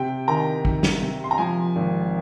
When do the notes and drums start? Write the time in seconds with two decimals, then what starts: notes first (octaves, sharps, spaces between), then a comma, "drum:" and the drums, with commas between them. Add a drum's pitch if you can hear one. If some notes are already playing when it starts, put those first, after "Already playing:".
Already playing: C3 G5
0.28 D#3 A#5
0.65 D#3, drum: kick
0.83 drum: snare
1.01 C3
1.24 C6
1.31 A#5
1.38 F3 G#5
1.76 G#1